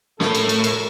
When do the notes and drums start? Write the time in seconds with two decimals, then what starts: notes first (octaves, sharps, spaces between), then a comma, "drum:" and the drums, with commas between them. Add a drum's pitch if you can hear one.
0.20 A2 A4 A#4, drum: snare
0.35 drum: cymbal
0.49 drum: cymbal
0.64 drum: cymbal